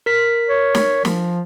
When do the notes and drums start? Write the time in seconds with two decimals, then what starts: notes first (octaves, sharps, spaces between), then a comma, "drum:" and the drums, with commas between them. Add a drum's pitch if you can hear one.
0.06 A#4 B6
0.49 C#5
0.75 drum: snare
1.05 F3, drum: snare